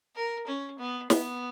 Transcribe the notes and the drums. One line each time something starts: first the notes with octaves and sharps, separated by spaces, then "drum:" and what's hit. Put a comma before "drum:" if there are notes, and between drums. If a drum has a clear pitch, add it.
A#4
C#4
B3
B3, drum: snare